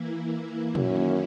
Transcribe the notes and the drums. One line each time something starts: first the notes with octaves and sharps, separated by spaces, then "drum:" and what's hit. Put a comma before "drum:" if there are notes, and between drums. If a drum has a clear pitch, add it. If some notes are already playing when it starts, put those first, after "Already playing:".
Already playing: E3 A#3 E4
F#2 D#3 A#3 C#4 E4, drum: tom